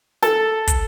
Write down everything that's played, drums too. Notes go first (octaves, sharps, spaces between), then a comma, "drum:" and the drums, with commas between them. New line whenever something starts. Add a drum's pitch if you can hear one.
A4, drum: snare
drum: kick, hi-hat